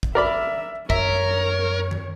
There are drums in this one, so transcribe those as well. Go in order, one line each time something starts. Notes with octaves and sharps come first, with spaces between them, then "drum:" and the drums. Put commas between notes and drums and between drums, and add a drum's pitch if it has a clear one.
drum: kick
A#4 D5 E5 B5
F#2 A#4 C#5 E5, drum: kick
drum: tom D#3